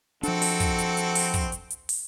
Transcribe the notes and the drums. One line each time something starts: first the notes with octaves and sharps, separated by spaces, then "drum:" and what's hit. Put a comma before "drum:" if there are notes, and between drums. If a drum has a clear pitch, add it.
F3 C4 D4 F#4 A4, drum: hi-hat
drum: open hi-hat
drum: kick, hi-hat
drum: hi-hat
drum: hi-hat
drum: open hi-hat
drum: kick, hi-hat
drum: hi-hat
drum: hi-hat
drum: open hi-hat